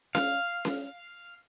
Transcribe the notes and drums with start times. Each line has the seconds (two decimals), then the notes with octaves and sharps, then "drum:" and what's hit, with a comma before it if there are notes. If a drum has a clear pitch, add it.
0.15 F5, drum: snare C#4
0.65 drum: snare C#4